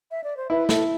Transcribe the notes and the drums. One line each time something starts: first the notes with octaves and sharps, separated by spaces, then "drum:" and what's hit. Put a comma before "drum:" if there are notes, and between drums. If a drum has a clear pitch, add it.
E5
D5
C5
E4 B4
E4 A4, drum: snare